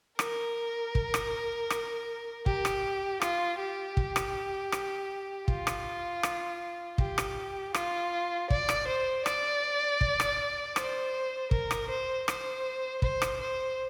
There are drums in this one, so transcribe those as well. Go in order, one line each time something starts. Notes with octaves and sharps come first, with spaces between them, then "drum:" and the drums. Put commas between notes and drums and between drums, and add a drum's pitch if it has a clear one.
A#4, drum: rim click
drum: kick
drum: rim click
drum: rim click
G4, drum: kick
drum: rim click
F4, drum: rim click
G4
drum: kick
drum: rim click
drum: rim click
F4, drum: kick
drum: rim click
drum: rim click
G4, drum: kick
drum: rim click
F4, drum: rim click
D5, drum: kick
drum: rim click
C5
D5, drum: rim click
drum: kick
drum: rim click
C5, drum: rim click
A#4, drum: kick
drum: rim click
C5
C5, drum: rim click
C5, drum: kick
drum: rim click
C5